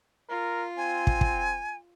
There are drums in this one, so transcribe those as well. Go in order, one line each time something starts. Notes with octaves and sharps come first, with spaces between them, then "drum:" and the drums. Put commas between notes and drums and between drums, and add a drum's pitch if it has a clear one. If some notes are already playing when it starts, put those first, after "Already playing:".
F4 A#4
C4 G#5
drum: kick
drum: kick